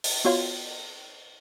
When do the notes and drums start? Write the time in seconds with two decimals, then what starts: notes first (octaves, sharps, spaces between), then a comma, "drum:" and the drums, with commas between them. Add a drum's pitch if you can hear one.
0.04 drum: open hi-hat
0.25 B3 F4 F#4 C#5 F5 C6